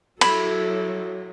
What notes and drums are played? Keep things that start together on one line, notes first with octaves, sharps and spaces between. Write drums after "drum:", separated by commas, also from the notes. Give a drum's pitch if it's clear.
F#3 E4 A4 B5, drum: cymbal